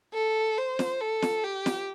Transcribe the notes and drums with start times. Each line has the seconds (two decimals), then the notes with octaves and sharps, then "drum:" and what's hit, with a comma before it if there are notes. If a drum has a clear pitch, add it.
0.14 A4
0.58 C5
0.79 drum: snare
1.01 A4
1.22 drum: snare
1.44 G4
1.66 drum: snare